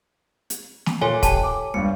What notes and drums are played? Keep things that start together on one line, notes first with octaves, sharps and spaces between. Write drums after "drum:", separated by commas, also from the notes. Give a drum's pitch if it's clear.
drum: hi-hat
drum: snare
A#2 A4 C#5 G#5 C6
G4 A5, drum: kick, hi-hat
D6
C#2 G2 C#7